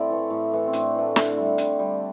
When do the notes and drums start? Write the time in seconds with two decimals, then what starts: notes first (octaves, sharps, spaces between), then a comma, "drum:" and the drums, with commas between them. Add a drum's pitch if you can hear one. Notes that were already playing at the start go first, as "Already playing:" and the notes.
Already playing: A2 C4 E4 A4 D5
0.10 E3 A3
0.30 A2
0.52 E3 A3
0.67 C4
0.73 A2 D4, drum: hi-hat
0.95 E3 A3
1.16 D3, drum: snare
1.38 G3
1.58 D3, drum: hi-hat
1.79 G3